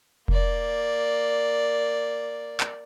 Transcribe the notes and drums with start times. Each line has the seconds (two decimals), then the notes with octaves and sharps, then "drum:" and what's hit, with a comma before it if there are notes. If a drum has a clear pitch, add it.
0.28 A#3 D5, drum: kick F1
2.60 drum: clap